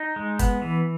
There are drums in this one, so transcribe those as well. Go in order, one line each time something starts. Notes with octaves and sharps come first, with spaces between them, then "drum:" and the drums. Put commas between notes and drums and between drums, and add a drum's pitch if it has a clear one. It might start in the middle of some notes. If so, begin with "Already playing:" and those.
Already playing: D#4
G#3
B3, drum: kick, hi-hat
E3